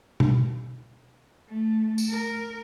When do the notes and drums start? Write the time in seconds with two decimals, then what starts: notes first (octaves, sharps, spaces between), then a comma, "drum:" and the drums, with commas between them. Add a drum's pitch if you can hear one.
0.20 drum: tom B2
1.49 A3
1.98 drum: tambourine
2.10 A#4